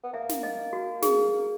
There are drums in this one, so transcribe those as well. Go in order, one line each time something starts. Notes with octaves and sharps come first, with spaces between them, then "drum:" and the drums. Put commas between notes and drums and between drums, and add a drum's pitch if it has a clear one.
B3
A#3 E5
drum: snare
D#5
F#4
G#4, drum: snare